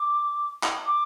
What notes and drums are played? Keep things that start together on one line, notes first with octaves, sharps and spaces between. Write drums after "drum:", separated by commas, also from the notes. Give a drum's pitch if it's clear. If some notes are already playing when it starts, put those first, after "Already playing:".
Already playing: D6
drum: clap
D6